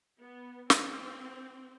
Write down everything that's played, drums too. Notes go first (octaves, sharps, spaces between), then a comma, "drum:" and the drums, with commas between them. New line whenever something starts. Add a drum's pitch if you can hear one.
B3
C4, drum: snare